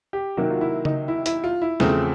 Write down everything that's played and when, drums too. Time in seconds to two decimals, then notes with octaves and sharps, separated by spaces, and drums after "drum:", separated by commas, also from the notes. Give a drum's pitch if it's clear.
0.13 G4
0.37 C3 D#3 F#3 A#3 F#4
0.51 F4
0.61 E4
0.85 D#4, drum: tom C#3
1.08 E4
1.26 E4, drum: hi-hat
1.44 F4
1.62 E4
1.80 E2 C#3 F3 A3 C4, drum: snare